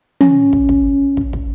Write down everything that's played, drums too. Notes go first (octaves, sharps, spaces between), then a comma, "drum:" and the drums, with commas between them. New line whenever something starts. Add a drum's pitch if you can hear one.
C#4, drum: tom
drum: kick
drum: kick
drum: kick
drum: kick